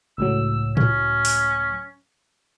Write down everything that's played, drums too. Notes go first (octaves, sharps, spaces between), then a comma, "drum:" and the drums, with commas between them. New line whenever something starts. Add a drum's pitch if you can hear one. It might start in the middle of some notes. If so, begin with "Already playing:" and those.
C#2 A2 F#3 E6
C#4, drum: tom A2
drum: open hi-hat